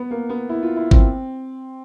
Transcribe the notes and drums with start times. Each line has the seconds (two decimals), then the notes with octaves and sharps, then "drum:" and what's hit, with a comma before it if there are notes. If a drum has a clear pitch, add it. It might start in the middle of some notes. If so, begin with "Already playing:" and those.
Already playing: B3
0.11 A#3
0.29 B3
0.49 E4
0.63 F4
0.76 E4
0.91 C4, drum: kick G#1